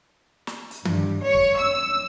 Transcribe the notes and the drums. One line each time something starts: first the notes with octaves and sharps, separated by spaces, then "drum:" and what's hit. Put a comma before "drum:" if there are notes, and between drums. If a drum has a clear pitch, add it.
drum: snare
drum: hi-hat
G2, drum: tom D#3
C#5
drum: kick
E6